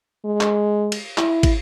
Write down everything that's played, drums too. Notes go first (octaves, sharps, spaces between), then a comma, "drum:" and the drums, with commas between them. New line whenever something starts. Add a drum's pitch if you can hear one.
G#3
drum: clap
drum: cymbal
E4, drum: clap
drum: kick, cymbal